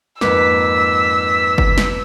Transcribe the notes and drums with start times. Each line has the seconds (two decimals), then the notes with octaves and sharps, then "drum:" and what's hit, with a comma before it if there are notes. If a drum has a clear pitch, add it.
0.21 F2 G#2 A#3 B4 D6 E6 B6, drum: snare
1.58 drum: kick F#1
1.78 drum: snare